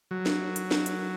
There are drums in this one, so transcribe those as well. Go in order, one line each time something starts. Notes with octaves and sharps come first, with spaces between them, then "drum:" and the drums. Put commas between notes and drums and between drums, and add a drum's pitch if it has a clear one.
F#3
drum: snare
drum: hi-hat
drum: snare
drum: hi-hat